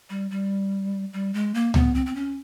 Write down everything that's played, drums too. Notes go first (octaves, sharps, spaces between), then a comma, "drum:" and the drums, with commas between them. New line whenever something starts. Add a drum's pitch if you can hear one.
G3
G3
G3
G#3
A#3
B3, drum: tom C#2
C4
C4
C#4